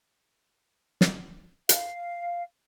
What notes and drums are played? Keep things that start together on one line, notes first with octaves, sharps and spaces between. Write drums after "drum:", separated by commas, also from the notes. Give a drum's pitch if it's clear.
drum: snare
F5, drum: hi-hat